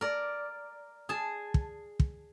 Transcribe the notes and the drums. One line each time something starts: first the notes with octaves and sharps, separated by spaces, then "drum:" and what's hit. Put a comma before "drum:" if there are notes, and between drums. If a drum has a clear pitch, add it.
A#4 D5
G#4 A5
drum: kick
drum: kick